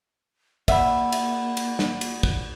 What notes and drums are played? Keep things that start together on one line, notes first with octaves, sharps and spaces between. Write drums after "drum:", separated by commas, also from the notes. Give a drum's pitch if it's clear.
A#3 D5 E5 F#5 B5, drum: kick, cymbal
drum: cymbal
drum: cymbal
drum: snare
drum: cymbal
drum: kick